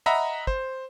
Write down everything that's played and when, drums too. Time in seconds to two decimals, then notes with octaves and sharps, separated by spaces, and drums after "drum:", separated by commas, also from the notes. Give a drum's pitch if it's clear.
0.06 D#5 E5 F#5 A#5 B5
0.47 C5, drum: kick